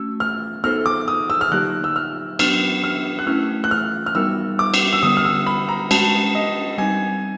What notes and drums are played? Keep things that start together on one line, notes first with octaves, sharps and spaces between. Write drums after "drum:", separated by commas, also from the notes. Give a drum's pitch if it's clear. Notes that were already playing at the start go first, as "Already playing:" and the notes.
Already playing: A3 C#4 F#4 E6
F6
B3 D#4 F#4 A4 C5 F6
D6
D#6
E6
F6
D3 F#3 A#3 D#4 G4 F#6
E6
F6
F#3 B3 D4 F6, drum: cymbal
F6
F#6
A3 C#4 E4 F6
F#6
F6
F6
G3 B3 D#4 F#4 A#4 E6
D6
drum: cymbal
E6
D3 G3 B3 D#6
F6
E6
B5
A#5
G#3 C#4 F#4 A5, drum: cymbal
D#5
G3 C4 D#4 G#5